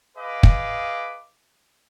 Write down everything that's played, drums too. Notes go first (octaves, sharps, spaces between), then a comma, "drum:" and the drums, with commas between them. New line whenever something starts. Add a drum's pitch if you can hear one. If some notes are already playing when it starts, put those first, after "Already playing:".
G#4 B4 D#5 F5 D6
drum: kick